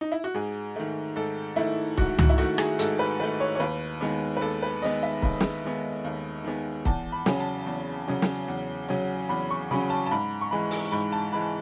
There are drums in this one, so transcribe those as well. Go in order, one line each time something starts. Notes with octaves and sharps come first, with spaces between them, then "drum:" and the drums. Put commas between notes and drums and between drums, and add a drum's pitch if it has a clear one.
D#4
E4
F#4
G#2 G#4
D#3 A3
G#2 A4
D#3 A3 E4
G#2 F#4, drum: kick C#1
F#4, drum: tom
E4
D#3 A3 F#4
G#4, drum: rim click
G#2 A4, drum: hi-hat
B4
D#3 A3 B4
C#5
C#5
D#2 B4
D#3 G#3 B3
B4
D#2 A4
B4
D#3 G#3 B3 D#5
E5
D#2 B5, drum: kick C#1
drum: snare
D#3 G#3 B3
D#2
D#3 G#3 B3
E2 A5, drum: kick C#1
B5
C#3 F#3 C#4, drum: snare
A5
E2
C#3 F#3 C#4
drum: snare
E2
C#3 F#3 C#4
E2 B5
C#6
C#3 F#3 C#4 B5
A5
A5
G#2 B5
C#6
E3 G#3 B5
drum: open hi-hat
G#2 B5
A5
E3 G#3 B5